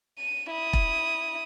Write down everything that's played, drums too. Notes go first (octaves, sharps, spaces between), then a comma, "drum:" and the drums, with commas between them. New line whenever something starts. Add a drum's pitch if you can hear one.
D#7
E4 D#6
drum: kick E1